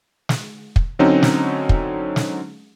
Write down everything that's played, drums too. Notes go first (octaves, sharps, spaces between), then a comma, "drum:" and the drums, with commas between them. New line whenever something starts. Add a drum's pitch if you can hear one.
drum: snare
drum: kick
D3 F#3 C4 C#4 D#4
drum: snare
drum: kick
drum: snare